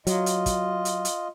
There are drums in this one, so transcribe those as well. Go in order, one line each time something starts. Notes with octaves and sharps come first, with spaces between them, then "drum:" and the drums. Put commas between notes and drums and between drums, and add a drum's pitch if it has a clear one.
F#3 F4 D#5, drum: hi-hat
drum: hi-hat
drum: kick, hi-hat
drum: hi-hat
drum: hi-hat